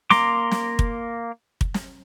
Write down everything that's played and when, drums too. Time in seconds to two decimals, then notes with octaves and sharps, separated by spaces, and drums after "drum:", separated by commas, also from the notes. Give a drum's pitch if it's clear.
0.10 A#3 A#5 C6 D6, drum: snare
0.51 drum: snare
0.79 drum: kick
1.61 drum: kick
1.74 drum: snare